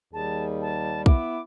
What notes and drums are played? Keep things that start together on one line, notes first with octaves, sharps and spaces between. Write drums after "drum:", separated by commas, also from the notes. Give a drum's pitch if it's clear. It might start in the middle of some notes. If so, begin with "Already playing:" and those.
D#2 G3 G#4 A5
A5
B3 E4 D6, drum: kick